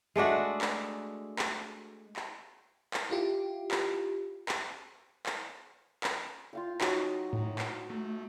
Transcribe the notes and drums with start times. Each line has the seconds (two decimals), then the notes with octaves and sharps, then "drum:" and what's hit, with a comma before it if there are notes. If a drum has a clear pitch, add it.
0.16 G#3 A3 D4 F#4
0.61 drum: clap
1.39 drum: clap
2.16 drum: clap
2.94 drum: clap
3.10 E4 F4 G4
3.71 drum: clap
4.49 drum: clap
5.26 drum: clap
6.04 drum: clap
6.53 F4 F5 G5
6.81 F#3 D#4 F#4, drum: clap
7.33 A2
7.58 drum: clap
7.90 A3